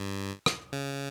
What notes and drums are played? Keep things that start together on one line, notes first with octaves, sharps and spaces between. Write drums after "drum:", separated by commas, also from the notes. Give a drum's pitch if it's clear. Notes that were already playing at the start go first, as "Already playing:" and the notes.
Already playing: G2
drum: rim click
C#3